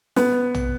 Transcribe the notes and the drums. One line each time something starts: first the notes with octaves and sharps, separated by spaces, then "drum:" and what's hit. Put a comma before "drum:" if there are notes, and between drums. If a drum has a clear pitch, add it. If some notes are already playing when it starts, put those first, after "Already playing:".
B3, drum: snare
drum: tom